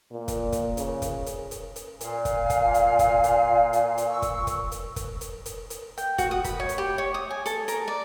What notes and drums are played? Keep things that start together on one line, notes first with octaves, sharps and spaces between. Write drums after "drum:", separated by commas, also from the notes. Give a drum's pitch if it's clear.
A#2
drum: kick, hi-hat
drum: kick, hi-hat
C#3, drum: hi-hat
drum: kick, hi-hat
drum: hi-hat
drum: hi-hat
drum: hi-hat
A#2 F5 G#5, drum: hi-hat
drum: kick, hi-hat
drum: kick, hi-hat
drum: hi-hat
drum: kick, hi-hat
drum: hi-hat
drum: hi-hat
drum: hi-hat
C#6 E6
drum: kick, hi-hat
drum: kick, hi-hat
drum: hi-hat
drum: kick, hi-hat
drum: hi-hat
drum: hi-hat
drum: hi-hat
G5, drum: hi-hat
F#4, drum: kick, hi-hat
D#6
B5, drum: kick, hi-hat
C#5
drum: hi-hat
G4
C#5
D#6
G#5
A4, drum: hi-hat
A#4, drum: hi-hat
D5